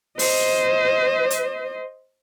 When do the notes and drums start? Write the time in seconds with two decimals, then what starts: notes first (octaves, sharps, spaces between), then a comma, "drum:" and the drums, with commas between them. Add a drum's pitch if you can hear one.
0.19 C5 D#5, drum: open hi-hat
1.30 drum: hi-hat